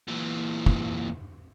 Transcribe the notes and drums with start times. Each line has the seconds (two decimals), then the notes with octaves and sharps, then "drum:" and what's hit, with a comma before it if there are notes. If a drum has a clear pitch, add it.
0.07 A#2 E3
0.66 drum: kick